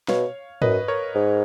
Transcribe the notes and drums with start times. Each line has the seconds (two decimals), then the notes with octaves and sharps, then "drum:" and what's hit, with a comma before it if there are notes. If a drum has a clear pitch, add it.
0.08 B2 C#5 F5, drum: snare
0.62 F#2 B4 D#5, drum: tom G#2
0.88 A#4 C#5
1.15 G#2